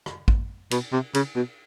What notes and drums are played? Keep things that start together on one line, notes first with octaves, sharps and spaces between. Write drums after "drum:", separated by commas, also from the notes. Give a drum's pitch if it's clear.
drum: rim click
drum: kick
B2, drum: cymbal
C3
C#3, drum: cymbal
B2